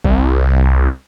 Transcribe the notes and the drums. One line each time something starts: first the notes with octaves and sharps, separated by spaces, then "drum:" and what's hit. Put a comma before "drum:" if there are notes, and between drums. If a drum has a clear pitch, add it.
C2, drum: kick